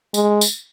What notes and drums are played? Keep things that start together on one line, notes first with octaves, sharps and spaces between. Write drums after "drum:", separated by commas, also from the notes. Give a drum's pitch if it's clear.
G#3, drum: tambourine
drum: tambourine